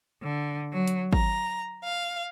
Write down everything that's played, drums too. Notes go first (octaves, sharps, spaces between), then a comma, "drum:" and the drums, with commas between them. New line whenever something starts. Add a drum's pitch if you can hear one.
D3
F#3
drum: hi-hat
A#5, drum: kick
F5